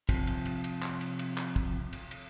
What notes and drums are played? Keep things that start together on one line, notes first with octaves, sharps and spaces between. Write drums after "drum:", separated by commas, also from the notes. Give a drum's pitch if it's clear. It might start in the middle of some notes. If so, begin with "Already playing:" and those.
C3 F3, drum: kick, cymbal
drum: cymbal
drum: cymbal
drum: cymbal
drum: clap
drum: cymbal
drum: cymbal
drum: clap
drum: kick
drum: cymbal
drum: cymbal